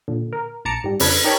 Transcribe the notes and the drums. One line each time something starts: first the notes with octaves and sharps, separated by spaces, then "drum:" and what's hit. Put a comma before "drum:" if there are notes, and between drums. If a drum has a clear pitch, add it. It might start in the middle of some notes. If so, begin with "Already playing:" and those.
A#2 D3
A#4
A#1 A5 A#5 D6 C#7
G#2 G3
F2 C#3 D4 B4 G#6 B6, drum: open hi-hat
D#4 G4 A#4 C#5 A5 B5